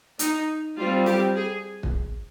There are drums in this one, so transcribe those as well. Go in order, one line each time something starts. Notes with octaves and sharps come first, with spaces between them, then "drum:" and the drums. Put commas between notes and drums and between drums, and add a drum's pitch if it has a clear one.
D#4, drum: hi-hat
G3 C4 F4
G4, drum: snare C4
G#4
drum: kick